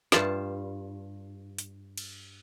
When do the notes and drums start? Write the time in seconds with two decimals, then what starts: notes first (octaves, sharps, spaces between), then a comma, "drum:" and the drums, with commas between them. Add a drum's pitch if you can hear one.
0.12 G2 F4 A5, drum: snare
1.58 drum: hi-hat
1.98 drum: cymbal